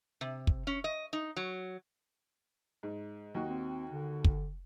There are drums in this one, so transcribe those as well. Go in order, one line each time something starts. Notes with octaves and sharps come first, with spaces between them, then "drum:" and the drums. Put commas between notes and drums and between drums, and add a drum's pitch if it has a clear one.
C3
drum: kick
C#4
D#5
D#4
F#3
G#2
D#2 D#4 F#4
C4
D3
drum: kick